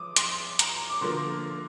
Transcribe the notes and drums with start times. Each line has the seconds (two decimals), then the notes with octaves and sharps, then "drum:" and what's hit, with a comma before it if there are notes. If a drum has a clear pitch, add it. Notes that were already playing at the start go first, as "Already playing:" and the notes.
Already playing: F3 D6 D#6
0.16 C6, drum: hi-hat
0.59 A#5, drum: hi-hat
0.90 D6
1.01 D3 F3 A#3 C6